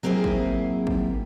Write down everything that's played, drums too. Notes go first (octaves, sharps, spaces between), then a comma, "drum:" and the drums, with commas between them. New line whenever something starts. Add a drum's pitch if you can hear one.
F#3 A#3 C4 E4 G#4
drum: kick
drum: kick